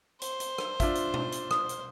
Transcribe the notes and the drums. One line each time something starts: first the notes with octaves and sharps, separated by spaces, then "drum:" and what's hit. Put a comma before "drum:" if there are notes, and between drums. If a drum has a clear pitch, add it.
C5, drum: hi-hat
drum: hi-hat
drum: rim click
D4 F4 E5, drum: kick, hi-hat
drum: hi-hat
drum: tom B2
drum: hi-hat
D#6, drum: rim click
drum: hi-hat